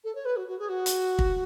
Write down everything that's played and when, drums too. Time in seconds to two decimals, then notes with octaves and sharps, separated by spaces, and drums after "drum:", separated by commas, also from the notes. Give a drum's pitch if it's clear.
0.04 A4
0.15 C#5
0.25 B4
0.37 F#4
0.47 F#4
0.59 G#4
0.69 F#4
0.86 drum: hi-hat
1.19 drum: kick